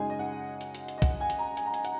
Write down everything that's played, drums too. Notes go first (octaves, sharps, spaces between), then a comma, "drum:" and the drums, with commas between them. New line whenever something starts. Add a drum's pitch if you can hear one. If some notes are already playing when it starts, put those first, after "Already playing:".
Already playing: F#2 C#3 G#3 D#4 G#5
D#5
F#5
drum: hi-hat
drum: hi-hat
drum: hi-hat
D#5
F#5, drum: kick, hi-hat
G#5
drum: hi-hat
A#5
G#5, drum: hi-hat
A#5
G#5, drum: hi-hat
F#5, drum: hi-hat